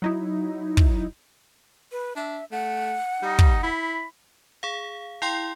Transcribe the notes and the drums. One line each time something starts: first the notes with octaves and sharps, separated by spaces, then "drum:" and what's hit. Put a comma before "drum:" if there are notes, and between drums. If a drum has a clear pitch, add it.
F#3 D#4 E4
drum: kick
B4
D4 E5
A3 F#5
G3 D#4
drum: kick
E4 B5
G#4 F5
E4 F5 G5 C6